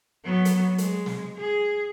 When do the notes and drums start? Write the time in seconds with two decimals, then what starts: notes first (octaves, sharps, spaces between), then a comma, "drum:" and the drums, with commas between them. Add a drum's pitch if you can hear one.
0.24 F#3 B3
0.45 drum: hi-hat
0.78 G#3, drum: hi-hat
1.06 drum: snare
1.37 G#4